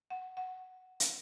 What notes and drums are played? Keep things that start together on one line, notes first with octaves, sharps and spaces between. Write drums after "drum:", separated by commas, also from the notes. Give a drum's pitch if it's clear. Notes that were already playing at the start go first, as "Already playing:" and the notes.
F#5
F#5
drum: hi-hat